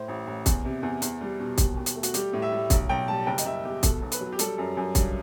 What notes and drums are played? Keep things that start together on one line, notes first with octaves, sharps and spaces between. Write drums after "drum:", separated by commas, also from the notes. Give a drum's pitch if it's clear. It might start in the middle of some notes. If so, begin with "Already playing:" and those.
Already playing: A2 C5
A1
A1
E2, drum: kick, hi-hat
C3
E2
E2, drum: hi-hat
G3
B2
D#2, drum: kick, hi-hat
D#2
drum: hi-hat
A3
F#4, drum: hi-hat
G3 G4, drum: hi-hat
A2
E5
G3
B1, drum: kick, hi-hat
B1 G5
G3 A5
F#1 G5
D#5, drum: hi-hat
F#1 E5
E2 G4
B2 A4, drum: kick, hi-hat
B1
B4, drum: hi-hat
F#3
G4
G3 A4, drum: hi-hat
F#2
F#2
G2, drum: kick, hi-hat